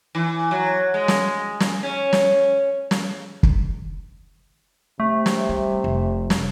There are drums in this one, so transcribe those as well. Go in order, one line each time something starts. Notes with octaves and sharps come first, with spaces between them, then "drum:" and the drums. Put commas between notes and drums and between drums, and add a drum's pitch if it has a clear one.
E3
F#3
G#3
drum: snare
drum: snare
C#4
drum: snare
drum: snare
drum: kick
C3 A3
drum: snare
G3
F1
drum: snare